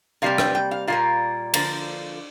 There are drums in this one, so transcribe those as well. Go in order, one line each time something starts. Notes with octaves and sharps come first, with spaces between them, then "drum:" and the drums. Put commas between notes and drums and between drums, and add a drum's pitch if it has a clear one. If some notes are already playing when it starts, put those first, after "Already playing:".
C3 G3 A#3 F5
G5, drum: rim click
G5
F5
A#2 G3 A#3 F5
D3 F3 A#3, drum: cymbal